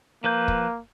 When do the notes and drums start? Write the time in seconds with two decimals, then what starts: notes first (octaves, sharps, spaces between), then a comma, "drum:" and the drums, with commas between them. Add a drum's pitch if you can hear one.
0.24 F3 A#3 B4 G6
0.48 drum: kick